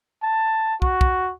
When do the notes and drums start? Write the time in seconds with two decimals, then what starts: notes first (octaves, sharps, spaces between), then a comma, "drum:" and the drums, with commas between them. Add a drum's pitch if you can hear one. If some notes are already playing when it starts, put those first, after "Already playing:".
0.23 A5
0.82 F#4, drum: kick
1.01 drum: kick